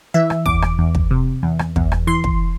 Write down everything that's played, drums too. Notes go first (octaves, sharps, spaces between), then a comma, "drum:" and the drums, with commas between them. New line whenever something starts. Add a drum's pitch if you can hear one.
E3 E5
drum: rim click
E2 D6, drum: kick
drum: rim click
E2
drum: kick
C3
E2
drum: rim click
E2, drum: kick
drum: rim click
E3 C6
drum: kick